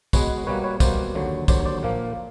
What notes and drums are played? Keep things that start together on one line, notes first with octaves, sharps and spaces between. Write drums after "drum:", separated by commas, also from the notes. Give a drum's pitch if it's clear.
B2 G#3 B3 B4 C#5, drum: kick, tambourine
B2 G3 A#3 B4 C#5
B4 C#5
B2 G3 A#3 C5 D5, drum: kick, tambourine
D#2 D3 F#3
D#2 D3 F#3 C5 D5, drum: kick, tambourine
C5 D5
A#2 F3 A#3